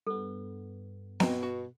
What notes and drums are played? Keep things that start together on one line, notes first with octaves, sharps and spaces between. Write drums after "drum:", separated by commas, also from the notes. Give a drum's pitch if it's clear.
G2 B3 A4
B2 C4 D#5 A#5, drum: snare B3
F#4